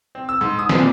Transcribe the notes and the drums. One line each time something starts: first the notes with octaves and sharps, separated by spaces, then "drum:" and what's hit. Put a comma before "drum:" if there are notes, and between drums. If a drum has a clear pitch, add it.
C4
E6
G#2
D#6
drum: snare C4
A#2